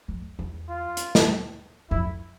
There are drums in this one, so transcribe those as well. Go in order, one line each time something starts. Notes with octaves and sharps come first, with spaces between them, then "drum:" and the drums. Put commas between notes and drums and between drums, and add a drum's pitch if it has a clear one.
F2
E2
F4
drum: hi-hat
drum: snare
F2 E4